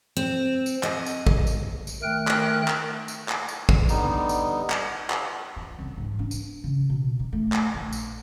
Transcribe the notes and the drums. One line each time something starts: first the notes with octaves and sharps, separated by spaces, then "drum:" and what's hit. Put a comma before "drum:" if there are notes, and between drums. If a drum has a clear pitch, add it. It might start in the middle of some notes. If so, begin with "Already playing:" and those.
C4
drum: tambourine
D#5, drum: clap
drum: tambourine
drum: kick
drum: tambourine
drum: tambourine
D#3 A3 A#4 G5 F#6
drum: clap
drum: clap
drum: tambourine
drum: clap
drum: tambourine
drum: kick
D3 G3 B3 D#4, drum: tambourine
drum: tambourine
drum: clap
drum: clap
F4
C2
G#2
D4
drum: tambourine
C#3
B2
D#3
A3
drum: clap
A#1
drum: tambourine